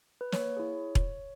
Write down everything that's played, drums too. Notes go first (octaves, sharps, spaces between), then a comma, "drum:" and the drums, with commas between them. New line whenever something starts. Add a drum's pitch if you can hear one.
B4
A#3 C#5, drum: snare
E4 G#4
drum: kick E1